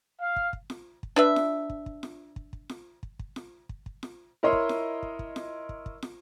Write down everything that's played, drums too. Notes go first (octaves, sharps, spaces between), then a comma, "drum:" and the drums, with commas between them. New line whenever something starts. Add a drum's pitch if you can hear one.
F5
drum: kick
drum: kick
drum: snare
drum: kick
D4 B4 E5
drum: snare
drum: kick
drum: kick
drum: snare
drum: kick
drum: kick
drum: snare
drum: kick
drum: kick
drum: snare
drum: kick
drum: kick
drum: snare
E4 A#4 C#5 D#5 C6
drum: kick
drum: snare
drum: kick
drum: kick
drum: snare
drum: kick
drum: kick
drum: snare